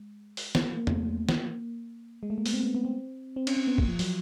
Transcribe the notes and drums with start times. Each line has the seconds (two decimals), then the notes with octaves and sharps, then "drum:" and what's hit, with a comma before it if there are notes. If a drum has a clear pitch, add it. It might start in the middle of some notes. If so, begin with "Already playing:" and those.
Already playing: G#3
0.37 drum: open hi-hat
0.55 drum: snare
0.77 A#3
0.87 A3, drum: tom E2
1.29 A#3, drum: snare
2.23 G#3
2.30 A3
2.38 A#3
2.46 B3, drum: open hi-hat
2.54 C4
2.63 B3
2.75 B3
2.85 C4
3.36 C4
3.47 C#4, drum: cymbal
3.57 C4
3.67 B3
3.78 A#3, drum: kick
3.88 F3
3.99 F#3, drum: open hi-hat